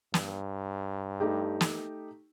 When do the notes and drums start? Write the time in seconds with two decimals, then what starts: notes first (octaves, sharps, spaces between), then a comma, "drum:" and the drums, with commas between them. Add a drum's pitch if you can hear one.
0.14 G2, drum: snare
1.20 A3 D#4 G4
1.61 drum: snare